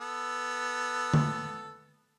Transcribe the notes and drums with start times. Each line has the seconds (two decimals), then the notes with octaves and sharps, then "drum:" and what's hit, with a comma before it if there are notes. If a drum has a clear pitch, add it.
0.01 B3 A4
1.14 drum: tom D3